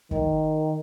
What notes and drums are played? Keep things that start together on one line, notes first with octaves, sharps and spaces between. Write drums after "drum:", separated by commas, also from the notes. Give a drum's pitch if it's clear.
D#3, drum: kick